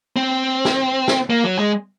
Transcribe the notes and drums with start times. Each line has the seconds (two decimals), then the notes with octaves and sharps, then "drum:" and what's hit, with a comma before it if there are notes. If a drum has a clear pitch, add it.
0.16 C4
0.65 drum: snare
1.08 drum: snare
1.30 A#3
1.44 F#3
1.59 G#3